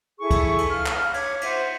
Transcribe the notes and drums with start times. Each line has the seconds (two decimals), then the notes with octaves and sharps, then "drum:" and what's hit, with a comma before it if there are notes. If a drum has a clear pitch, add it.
0.19 E4 G#4 A4 C#6
0.31 drum: kick, cymbal
0.58 drum: cymbal
0.70 F5 F6
0.86 drum: clap
1.14 C#5 D6 G#6, drum: cymbal
1.41 C5 E5 F#5, drum: cymbal